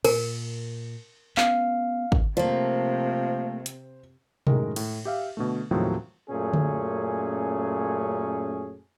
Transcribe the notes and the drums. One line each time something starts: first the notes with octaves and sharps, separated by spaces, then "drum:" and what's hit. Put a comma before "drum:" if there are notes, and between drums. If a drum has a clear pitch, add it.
A#2 A#4, drum: cymbal
B3 C#4 F5, drum: clap
drum: kick
C3 F3 A3 A#3 C5
drum: hi-hat
F#2 A2 D#3 G#3 A#4, drum: tom B2
A2, drum: cymbal
G4 E5 F5
B2 D3 A3
D#2 A2 C3 D#3 F3 F#3
F#2 A#2 A3 C#4 G#4
drum: tom D3